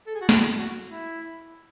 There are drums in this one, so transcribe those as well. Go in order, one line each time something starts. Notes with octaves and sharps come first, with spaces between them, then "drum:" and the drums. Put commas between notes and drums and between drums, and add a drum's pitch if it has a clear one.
A4
G#4
F#4
E4, drum: snare
F#4
E4